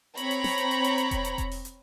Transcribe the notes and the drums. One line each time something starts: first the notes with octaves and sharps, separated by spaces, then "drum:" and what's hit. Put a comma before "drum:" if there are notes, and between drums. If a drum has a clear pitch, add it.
C4 C#5 A#5 B5, drum: hi-hat
drum: hi-hat
drum: snare
drum: hi-hat
drum: hi-hat
drum: hi-hat
drum: hi-hat
drum: kick E1, hi-hat
drum: hi-hat
drum: kick E1, hi-hat
drum: open hi-hat
drum: hi-hat